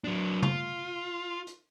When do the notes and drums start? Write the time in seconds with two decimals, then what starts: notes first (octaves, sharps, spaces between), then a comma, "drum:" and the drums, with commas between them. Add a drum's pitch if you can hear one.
0.04 F#3 D4
0.42 F4, drum: tom
1.47 drum: hi-hat